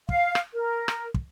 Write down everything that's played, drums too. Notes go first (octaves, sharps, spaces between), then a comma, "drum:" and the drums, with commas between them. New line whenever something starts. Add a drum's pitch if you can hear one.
F5, drum: kick
drum: rim click
A#4
drum: rim click
drum: kick